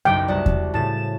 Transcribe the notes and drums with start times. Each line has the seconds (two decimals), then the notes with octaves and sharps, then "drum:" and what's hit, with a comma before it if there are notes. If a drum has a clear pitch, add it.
0.05 F#1 B1 F#2 G5
0.28 C2 F#4 D5 A5
0.46 drum: kick E2
0.74 A2 C#3 A5 A6 E7